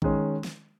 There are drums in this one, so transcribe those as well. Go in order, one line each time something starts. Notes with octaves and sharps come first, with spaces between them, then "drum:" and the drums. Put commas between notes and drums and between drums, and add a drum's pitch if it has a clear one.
D#3 G#3 C#4, drum: kick A#1
drum: snare